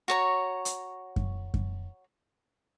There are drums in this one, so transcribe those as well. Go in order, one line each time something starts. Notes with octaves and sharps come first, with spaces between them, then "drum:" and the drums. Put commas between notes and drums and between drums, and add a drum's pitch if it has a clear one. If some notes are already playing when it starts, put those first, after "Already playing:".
F#4 C#5 A#5
drum: hi-hat
drum: kick F#2
drum: kick F#2